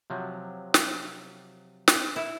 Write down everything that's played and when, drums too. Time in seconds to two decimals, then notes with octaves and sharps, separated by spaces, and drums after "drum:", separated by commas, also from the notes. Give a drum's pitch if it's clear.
0.10 C3 F3 F#3
0.74 drum: snare
1.88 drum: snare
2.16 E4